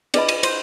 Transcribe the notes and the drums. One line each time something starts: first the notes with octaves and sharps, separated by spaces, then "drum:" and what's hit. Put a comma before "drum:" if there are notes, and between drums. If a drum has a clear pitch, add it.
D4 G#4 B4 D5 D#5 B5, drum: cymbal
drum: cymbal
C5, drum: cymbal